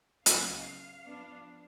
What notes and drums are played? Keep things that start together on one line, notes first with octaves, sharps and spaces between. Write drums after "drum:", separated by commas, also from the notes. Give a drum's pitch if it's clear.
C#3 F#3 B3 F5, drum: hi-hat
F3 B3 D4